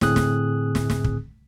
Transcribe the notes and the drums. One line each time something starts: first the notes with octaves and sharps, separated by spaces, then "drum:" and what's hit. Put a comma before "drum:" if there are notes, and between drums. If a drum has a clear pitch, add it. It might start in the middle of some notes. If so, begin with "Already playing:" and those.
A2 D3 C4 G#4 D#6 F#6, drum: snare
drum: snare
drum: snare
drum: snare
drum: kick